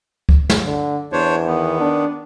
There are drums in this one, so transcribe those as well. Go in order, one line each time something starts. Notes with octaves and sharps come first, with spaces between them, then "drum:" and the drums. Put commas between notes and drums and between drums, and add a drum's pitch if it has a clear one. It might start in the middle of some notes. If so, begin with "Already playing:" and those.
drum: kick C#2
drum: snare
D3
E2 D4 C5 C#5
D#3 B3
D4